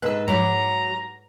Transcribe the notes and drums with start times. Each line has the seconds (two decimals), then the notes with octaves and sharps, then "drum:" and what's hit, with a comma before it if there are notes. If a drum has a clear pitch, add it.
0.02 G#2 A4 B4 E6 F#6
0.28 G#2 F#3 A#5 B5 D6, drum: tom F3